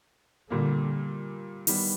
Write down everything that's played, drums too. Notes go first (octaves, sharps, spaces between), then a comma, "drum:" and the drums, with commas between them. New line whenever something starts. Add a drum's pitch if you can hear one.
A#2 D3 G3 A#3
D#3 G3 B3, drum: open hi-hat